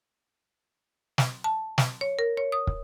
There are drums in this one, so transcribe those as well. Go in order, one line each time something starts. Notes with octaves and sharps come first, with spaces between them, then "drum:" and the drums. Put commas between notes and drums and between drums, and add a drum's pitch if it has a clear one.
drum: snare
A5
drum: snare
C#5
A#4
C#5
D#6
drum: kick